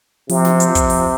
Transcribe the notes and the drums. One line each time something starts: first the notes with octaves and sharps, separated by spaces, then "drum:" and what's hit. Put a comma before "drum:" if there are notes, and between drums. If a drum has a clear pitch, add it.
C3 F3, drum: open hi-hat
drum: snare
drum: hi-hat
drum: kick, hi-hat
F3, drum: open hi-hat